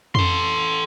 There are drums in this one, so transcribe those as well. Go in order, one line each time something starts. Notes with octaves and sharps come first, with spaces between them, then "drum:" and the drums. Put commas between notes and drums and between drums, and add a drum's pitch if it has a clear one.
A4 C6, drum: tom F2